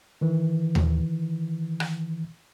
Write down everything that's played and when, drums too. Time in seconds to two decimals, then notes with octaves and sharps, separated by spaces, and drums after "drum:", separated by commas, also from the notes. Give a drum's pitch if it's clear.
0.21 D#3 E3
0.75 drum: tom D#2
1.80 drum: rim click